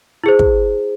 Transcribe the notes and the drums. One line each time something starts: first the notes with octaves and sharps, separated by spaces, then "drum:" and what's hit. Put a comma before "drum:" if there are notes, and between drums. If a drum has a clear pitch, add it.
E4 G#4 C5
drum: kick